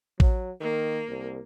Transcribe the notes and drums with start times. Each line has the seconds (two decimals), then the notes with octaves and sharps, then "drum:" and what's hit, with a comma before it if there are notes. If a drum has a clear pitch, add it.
0.20 F#3, drum: kick
0.60 D#3 A#3
1.09 C2